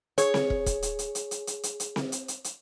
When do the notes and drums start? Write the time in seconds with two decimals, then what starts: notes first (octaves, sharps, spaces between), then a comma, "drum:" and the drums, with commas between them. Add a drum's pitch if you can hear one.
0.18 G#4 C#5, drum: hi-hat
0.34 drum: snare C4
0.50 drum: kick
0.66 drum: kick, hi-hat
0.82 drum: hi-hat
0.99 drum: hi-hat
1.15 drum: hi-hat
1.31 drum: hi-hat
1.47 drum: hi-hat
1.63 drum: hi-hat
1.80 drum: hi-hat
1.96 drum: snare C4
2.12 drum: hi-hat
2.28 drum: hi-hat
2.44 drum: hi-hat